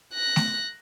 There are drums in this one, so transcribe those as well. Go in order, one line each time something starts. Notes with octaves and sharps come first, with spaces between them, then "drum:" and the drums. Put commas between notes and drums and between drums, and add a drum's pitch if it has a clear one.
F#6 A#6
drum: snare A3